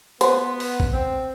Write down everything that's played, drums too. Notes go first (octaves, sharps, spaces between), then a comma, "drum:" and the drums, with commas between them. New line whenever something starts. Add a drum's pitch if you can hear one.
B3 C5, drum: hi-hat
drum: open hi-hat
drum: kick A#1
C4